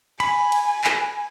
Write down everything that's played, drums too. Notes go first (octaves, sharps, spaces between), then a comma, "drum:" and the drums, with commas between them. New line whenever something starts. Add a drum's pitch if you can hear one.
G#5 B5, drum: cymbal
drum: cymbal
drum: clap